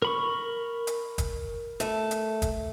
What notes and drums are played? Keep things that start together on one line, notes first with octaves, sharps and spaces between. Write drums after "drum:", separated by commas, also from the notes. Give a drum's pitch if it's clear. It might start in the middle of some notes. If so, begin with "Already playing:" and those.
A#4 B5 C#6
drum: hi-hat
drum: kick, hi-hat
A3, drum: hi-hat
drum: hi-hat
drum: kick, hi-hat